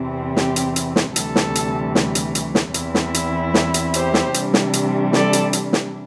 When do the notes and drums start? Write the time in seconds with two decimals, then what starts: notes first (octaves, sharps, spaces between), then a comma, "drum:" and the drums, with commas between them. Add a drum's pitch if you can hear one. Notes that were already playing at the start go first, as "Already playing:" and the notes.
Already playing: E2 C3 E3 C4
0.36 G4, drum: snare
0.56 drum: hi-hat
0.76 drum: hi-hat
0.96 drum: snare
1.16 D2 C3 E3 G3 A4, drum: hi-hat
1.36 drum: snare
1.55 drum: hi-hat
1.95 drum: snare
2.15 drum: hi-hat
2.35 drum: hi-hat
2.55 drum: snare
2.74 E2 E3 C4 E4, drum: hi-hat
2.95 drum: snare
3.14 drum: hi-hat
3.54 drum: snare
3.74 drum: hi-hat
3.94 G4 C5, drum: hi-hat
4.14 drum: snare
4.34 C3 E3 G3 D4, drum: hi-hat
4.54 drum: snare
4.73 drum: hi-hat
5.13 A4 D5, drum: snare
5.33 drum: hi-hat
5.53 drum: hi-hat
5.73 drum: snare